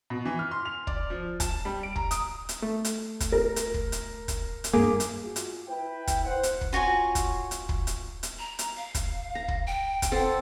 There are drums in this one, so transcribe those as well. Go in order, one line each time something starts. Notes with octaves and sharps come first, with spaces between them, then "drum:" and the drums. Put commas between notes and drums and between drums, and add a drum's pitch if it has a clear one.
B2
E3
F6
C6
F7
D5, drum: kick
F3
A5, drum: kick, hi-hat
G3
D7
A#5, drum: kick
D#6, drum: hi-hat
drum: hi-hat
A3
drum: hi-hat
drum: kick, hi-hat
A#4
drum: hi-hat
drum: kick
drum: hi-hat
drum: kick, hi-hat
drum: hi-hat
G2 A#3 G#4 D6
drum: hi-hat
F4 F#4 G#4
drum: hi-hat
E4 B4 G5
drum: kick, hi-hat
C5 F#5
drum: hi-hat
drum: kick
F4 F#4 C#5 G#5
drum: kick, hi-hat
drum: hi-hat
drum: kick
drum: hi-hat
drum: hi-hat
A#5
drum: hi-hat
F5
drum: kick, hi-hat
A#5
drum: kick
G5
drum: kick, hi-hat
C4 A4 F#5